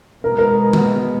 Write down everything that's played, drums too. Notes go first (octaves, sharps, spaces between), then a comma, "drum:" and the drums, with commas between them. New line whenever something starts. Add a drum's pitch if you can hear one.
B2 G#3 B3 A#4
A#4
drum: tom D#3